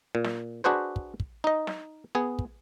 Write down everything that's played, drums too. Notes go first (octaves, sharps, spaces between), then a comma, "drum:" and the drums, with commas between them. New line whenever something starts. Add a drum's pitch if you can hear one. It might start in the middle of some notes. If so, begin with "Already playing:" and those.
A#2
drum: snare
D4 F#4 G#4 B4 C5
drum: kick
drum: kick
D#4 D#5
drum: snare
B3 G#4
drum: kick